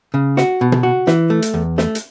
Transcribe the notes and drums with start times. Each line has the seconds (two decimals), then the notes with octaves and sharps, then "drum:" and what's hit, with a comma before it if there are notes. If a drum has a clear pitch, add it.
0.14 C#3
0.37 F#4, drum: snare
0.61 B2
0.72 drum: tom
0.83 F#4
1.07 E3, drum: snare
1.30 A3
1.42 drum: hi-hat
1.54 E2
1.78 A3, drum: snare
1.95 drum: hi-hat